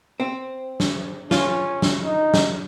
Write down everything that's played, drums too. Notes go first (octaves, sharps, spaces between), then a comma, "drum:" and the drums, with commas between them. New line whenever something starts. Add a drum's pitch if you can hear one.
C4
drum: snare
C#4 F4, drum: snare
drum: snare
D#4
drum: snare